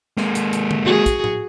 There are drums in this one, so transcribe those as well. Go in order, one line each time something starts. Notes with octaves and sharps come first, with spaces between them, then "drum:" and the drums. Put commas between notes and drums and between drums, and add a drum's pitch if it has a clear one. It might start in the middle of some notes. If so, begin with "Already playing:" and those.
G#3 A#3, drum: snare C4
drum: hi-hat
drum: hi-hat
drum: tom D3
F#4 G#4
drum: kick, hi-hat
drum: tom A2